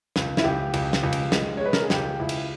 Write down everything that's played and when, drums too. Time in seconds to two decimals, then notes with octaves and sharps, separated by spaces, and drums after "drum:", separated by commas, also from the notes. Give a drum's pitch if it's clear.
0.16 C#2, drum: snare
0.37 E4, drum: snare
0.44 C#2 G4
0.74 C#2, drum: cymbal
0.93 drum: snare
1.03 C#2
1.13 drum: cymbal
1.32 G#3, drum: snare
1.57 C#5
1.61 G#3 B4
1.73 A#4, drum: snare
1.82 G#4
1.90 C#2 G4, drum: snare
2.19 C#2 E4
2.29 drum: cymbal